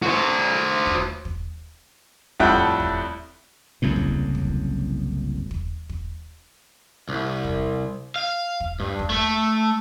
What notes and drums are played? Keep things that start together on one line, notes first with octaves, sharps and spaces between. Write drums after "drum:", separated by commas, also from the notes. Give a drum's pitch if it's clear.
F#4 C5
drum: kick
drum: kick
F2 A2 G3 E5 F#5 G5, drum: kick
drum: kick
F#1 C2 F#2 A2
drum: kick
drum: kick
drum: kick
drum: kick
C2
drum: kick
F5
drum: kick
G2
drum: kick
A3 A4